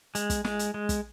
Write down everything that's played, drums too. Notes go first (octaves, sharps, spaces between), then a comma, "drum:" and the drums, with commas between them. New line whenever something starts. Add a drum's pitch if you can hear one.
G#3, drum: hi-hat
drum: kick, hi-hat
G#3, drum: snare
drum: hi-hat
G#3
drum: kick, hi-hat